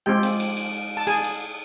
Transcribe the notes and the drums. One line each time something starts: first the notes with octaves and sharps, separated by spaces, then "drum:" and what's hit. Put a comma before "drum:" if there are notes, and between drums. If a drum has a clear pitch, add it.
G#3 C4 F4 G4 G5
drum: cymbal
drum: cymbal
drum: cymbal
A5
G#4 G#5, drum: cymbal
drum: cymbal